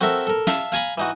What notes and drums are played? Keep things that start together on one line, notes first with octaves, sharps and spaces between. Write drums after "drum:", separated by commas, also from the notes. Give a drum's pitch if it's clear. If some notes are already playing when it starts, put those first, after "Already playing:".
C4 F#4 A4 A#4 E5
A4 A#4
E5 F5 A5, drum: snare
F5 G#5 A#5 B5, drum: hi-hat
E3 D#4 F#4